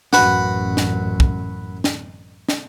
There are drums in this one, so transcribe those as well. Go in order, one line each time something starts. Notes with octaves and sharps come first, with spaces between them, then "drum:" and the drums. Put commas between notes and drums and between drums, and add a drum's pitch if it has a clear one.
A1 F#2 F#4 B4, drum: snare
drum: snare
drum: kick
drum: snare
drum: snare